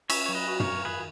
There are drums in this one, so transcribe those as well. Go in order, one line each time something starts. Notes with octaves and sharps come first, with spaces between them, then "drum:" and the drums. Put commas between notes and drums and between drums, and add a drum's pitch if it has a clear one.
C#4 C#5 E5, drum: cymbal
F#3 C#5
B4 D#5
F#4
A#4 C#5, drum: tom
F#4
D#3 G#4 B4